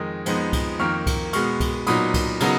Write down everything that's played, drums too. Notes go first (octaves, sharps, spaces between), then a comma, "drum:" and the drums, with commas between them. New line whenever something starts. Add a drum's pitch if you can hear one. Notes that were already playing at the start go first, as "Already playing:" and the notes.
Already playing: F2 D#3 G#3 D#4
F2 F3 G#3 B3 D#4, drum: cymbal
drum: kick C2, cymbal
F2 D#3 A#3 C#6 F6
drum: kick C2, cymbal
B2 G#3 B3 C#6 F6, drum: cymbal
drum: kick C2, cymbal
A#2 F#3 B3 D#4 B5 D#6, drum: cymbal
drum: kick C2, cymbal
C#3 F#3 B3 D#4, drum: cymbal